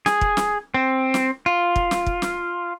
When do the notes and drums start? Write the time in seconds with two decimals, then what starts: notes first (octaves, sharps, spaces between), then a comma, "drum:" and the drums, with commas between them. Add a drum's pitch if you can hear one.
0.06 G#4, drum: snare
0.21 drum: kick
0.37 drum: snare
0.74 C4
1.14 drum: snare
1.46 F4
1.76 drum: kick
1.91 drum: snare
2.06 drum: kick
2.22 drum: snare